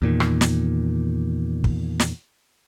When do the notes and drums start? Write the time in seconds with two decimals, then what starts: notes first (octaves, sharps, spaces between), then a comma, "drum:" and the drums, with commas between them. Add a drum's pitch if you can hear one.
0.02 E2 A#2 D#3
0.20 drum: rim click
0.41 drum: snare
1.64 drum: kick
2.00 drum: snare